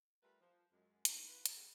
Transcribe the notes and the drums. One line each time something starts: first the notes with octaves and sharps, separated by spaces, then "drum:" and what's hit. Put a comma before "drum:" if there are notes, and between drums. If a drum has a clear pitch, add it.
G3 A3 F4 A#4 B4
F3
F#2 G#3
F2 G#2 E3 A3 A#3 D#4, drum: hi-hat
E3 F4 F#4 B4
drum: hi-hat
C#3 G3 A3 B3 F4 G4